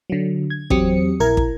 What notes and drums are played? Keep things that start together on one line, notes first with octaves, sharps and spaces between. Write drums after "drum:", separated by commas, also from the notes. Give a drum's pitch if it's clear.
D3 F#3
G#6
E2 F#3 C4 G4 D#6 C#7, drum: kick
A#1 E4 A#4 A#5 G#6
drum: kick